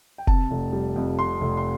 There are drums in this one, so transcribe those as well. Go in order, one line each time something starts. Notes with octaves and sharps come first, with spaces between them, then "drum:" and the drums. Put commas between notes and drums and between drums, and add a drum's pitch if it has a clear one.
G5
C3 A5, drum: kick F1
F1
G3
F2
C3 C6
F1
C6